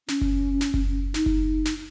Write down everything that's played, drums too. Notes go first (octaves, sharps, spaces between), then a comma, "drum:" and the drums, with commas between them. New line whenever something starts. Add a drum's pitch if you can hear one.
C#4, drum: snare
drum: kick F#1
drum: snare
drum: kick F#1
D#4, drum: snare
drum: kick F#1
drum: snare